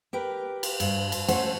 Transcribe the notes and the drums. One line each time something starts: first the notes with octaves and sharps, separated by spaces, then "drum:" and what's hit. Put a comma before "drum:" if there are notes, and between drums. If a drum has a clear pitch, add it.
G4 A#4 B4 G5
drum: cymbal
G2, drum: cymbal
drum: cymbal
A3 C#4 C5 F#5, drum: cymbal